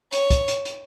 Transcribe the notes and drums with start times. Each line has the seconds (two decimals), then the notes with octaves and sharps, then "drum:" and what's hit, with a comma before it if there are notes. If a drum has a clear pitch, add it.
0.12 C#5, drum: hi-hat
0.30 drum: kick, hi-hat
0.48 drum: hi-hat
0.65 drum: hi-hat